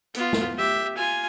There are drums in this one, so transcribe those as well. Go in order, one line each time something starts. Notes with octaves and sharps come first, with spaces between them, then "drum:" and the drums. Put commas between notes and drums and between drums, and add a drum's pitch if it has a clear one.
B3 F4, drum: hi-hat
drum: snare
G4 E5
F4 G#5